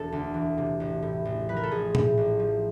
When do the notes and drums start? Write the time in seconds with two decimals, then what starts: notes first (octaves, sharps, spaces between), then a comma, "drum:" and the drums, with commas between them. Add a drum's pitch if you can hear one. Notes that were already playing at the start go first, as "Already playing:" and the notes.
Already playing: E1 A4
0.12 D2
0.34 E3
0.58 C3
0.80 A1
1.02 A2
1.25 A1
1.49 F3 B4
1.57 A#4
1.63 A4
1.71 A1 G#4
1.95 A2, drum: tom A#2
2.17 A1
2.39 F3